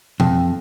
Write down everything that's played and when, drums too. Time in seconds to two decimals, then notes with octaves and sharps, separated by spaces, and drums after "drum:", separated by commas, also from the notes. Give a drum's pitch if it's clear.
0.20 F2, drum: tom B2